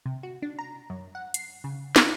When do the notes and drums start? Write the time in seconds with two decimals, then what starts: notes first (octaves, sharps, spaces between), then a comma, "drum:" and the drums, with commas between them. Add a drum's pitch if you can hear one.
0.06 C3
0.23 F#4
0.42 D4
0.59 A#5
0.90 F#2
1.15 F#5
1.34 C7, drum: hi-hat
1.64 C#3
1.96 F4, drum: snare